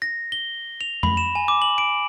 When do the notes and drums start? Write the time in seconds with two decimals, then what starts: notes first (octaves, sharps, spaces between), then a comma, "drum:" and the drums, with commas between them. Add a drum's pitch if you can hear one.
0.02 A#6
0.32 G7
0.81 F7
1.03 B5, drum: tom F2
1.17 E7
1.35 G#5
1.48 D6
1.62 F#7
1.78 D7